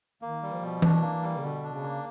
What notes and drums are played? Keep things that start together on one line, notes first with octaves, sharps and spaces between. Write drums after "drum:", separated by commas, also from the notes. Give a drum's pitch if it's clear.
D#3 A#3
G3
F3
B2
E3 D4, drum: tom E3
A#3
G3
C#3
B2 D3
D4
C#3
A#3